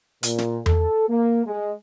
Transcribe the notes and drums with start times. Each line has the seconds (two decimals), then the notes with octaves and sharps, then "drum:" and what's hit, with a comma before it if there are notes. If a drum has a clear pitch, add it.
0.23 A#2, drum: hi-hat
0.38 drum: snare
0.66 A4, drum: tom E2
1.08 A#3
1.46 G#3